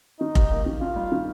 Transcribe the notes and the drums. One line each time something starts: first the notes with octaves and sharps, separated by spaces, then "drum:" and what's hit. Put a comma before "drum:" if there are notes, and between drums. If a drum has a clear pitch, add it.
D#3 D#4
G4, drum: kick F1
A#3
D#3
G2 F4
G3
D#3